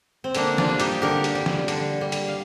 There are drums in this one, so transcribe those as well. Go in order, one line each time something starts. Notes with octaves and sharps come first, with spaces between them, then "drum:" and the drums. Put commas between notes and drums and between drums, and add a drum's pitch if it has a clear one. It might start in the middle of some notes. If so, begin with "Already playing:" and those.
C4
D3 A#3 D4, drum: hi-hat
D4 F4, drum: snare
G3
D#4 G4, drum: hi-hat
D3 G4 A#4
drum: hi-hat
G3
drum: snare
D3, drum: hi-hat
G3
drum: hi-hat
F5